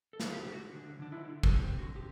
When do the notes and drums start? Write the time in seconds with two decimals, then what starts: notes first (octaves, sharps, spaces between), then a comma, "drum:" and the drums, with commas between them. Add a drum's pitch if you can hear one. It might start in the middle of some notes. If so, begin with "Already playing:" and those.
0.13 A4
0.20 D3, drum: snare
0.33 G4
0.46 D3 G4
0.53 F#4
0.73 D3 D4
0.99 D3 D4
1.12 E4
1.25 D3
1.43 A4, drum: kick
1.52 C4 G4
1.78 D3 F#4
1.96 G4